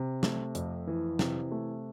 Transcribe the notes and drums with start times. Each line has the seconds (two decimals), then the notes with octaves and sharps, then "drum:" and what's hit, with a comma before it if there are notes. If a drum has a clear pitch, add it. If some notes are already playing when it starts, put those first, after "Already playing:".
Already playing: C3
0.23 A3, drum: snare
0.55 F2, drum: hi-hat
0.87 E3
1.19 C3, drum: snare
1.51 A3